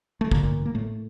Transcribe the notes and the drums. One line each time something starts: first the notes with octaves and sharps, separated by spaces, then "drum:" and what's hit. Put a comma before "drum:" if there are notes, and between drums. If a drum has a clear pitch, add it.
A3
A1 G2 A#2 D3 A#3, drum: kick
A#3
A2 A3